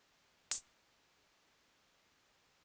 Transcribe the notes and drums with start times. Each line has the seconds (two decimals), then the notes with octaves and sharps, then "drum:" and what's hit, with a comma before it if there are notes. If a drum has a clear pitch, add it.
0.02 G#3 C4 D#4 A4 C#5
0.51 drum: hi-hat